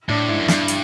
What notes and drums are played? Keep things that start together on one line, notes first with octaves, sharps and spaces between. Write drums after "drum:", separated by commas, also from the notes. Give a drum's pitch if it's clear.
A2 D4
G#2 E4
F#2
G2, drum: snare
drum: hi-hat